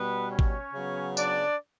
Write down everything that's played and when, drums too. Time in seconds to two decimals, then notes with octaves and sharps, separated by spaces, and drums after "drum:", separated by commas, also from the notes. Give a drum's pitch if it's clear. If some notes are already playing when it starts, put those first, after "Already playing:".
Already playing: B2 G3 B3 B4
0.30 C#4 C#5
0.39 drum: kick
0.74 C#3 F#3 B3
1.17 D4 D5, drum: tambourine